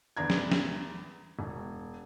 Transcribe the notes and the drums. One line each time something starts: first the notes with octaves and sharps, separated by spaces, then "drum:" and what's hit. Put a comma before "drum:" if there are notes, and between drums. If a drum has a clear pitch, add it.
E2 B3 D4 A#5 G#6
drum: snare
drum: snare
E1